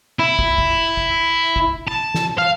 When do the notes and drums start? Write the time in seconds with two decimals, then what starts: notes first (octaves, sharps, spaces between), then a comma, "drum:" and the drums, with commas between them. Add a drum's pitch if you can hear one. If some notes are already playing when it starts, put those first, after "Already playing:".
0.19 E4
0.39 drum: kick
0.58 drum: kick
0.97 drum: kick
1.56 drum: kick
1.88 A5
2.14 drum: snare
2.38 F5